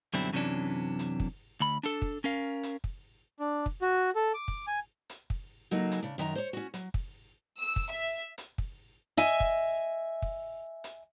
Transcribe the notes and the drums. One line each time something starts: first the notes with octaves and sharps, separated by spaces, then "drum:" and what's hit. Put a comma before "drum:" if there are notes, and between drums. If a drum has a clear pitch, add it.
F#2 B2 D3 G3 C4 E4
F#2 C3 E3 C#4 D4
drum: hi-hat
drum: kick
D2 B5
D4 A4, drum: hi-hat
drum: kick
C#4 A#4 F5
drum: hi-hat
drum: kick
D4
drum: kick
F#4
A4
D6
drum: kick
G#5
drum: hi-hat
drum: kick
C#3 F#3 A#3 D#4 G#4 A4
drum: hi-hat
C#3 D4
F#2 D#3 A5 A#5
C5 C#5
C#4 F#4
F#3, drum: hi-hat
drum: kick
E6
drum: kick
E5
drum: hi-hat
drum: kick
D#5 E5 G#5, drum: hi-hat
drum: kick
drum: kick
drum: hi-hat